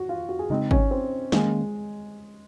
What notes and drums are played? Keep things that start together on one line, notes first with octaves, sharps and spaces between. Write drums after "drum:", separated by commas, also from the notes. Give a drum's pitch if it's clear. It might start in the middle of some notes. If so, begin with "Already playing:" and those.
Already playing: F#4
F4
F#4
G#4
C#3 G#3 C4 D#4
C#4, drum: kick G#1
C4
D#3 G#3 A#3 C#4, drum: snare